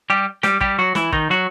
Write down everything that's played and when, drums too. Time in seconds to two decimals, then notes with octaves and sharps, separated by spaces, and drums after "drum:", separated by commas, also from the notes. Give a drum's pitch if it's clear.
0.10 G3 G4
0.43 G3 G4, drum: snare
0.61 G3 G4, drum: kick
0.78 F#3 F#4
0.95 E3 E4, drum: snare
1.13 D#3 D#4, drum: kick
1.30 F#3 F#4